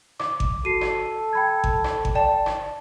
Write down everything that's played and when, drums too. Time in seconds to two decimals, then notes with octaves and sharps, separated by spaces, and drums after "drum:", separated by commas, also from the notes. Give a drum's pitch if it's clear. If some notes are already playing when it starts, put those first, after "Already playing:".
0.20 D6, drum: rim click
0.40 drum: kick G#1
0.65 F#4 A4 C7 D#7
0.81 drum: rim click
1.33 G5 B5 G#6
1.64 drum: kick G#1
1.84 drum: rim click
2.05 drum: kick G#1
2.15 D5 G5 A5
2.46 drum: rim click